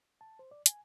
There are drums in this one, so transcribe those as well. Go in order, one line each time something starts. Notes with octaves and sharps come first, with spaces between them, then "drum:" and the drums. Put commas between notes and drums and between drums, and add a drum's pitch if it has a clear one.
A5
C5
D5
G#5, drum: hi-hat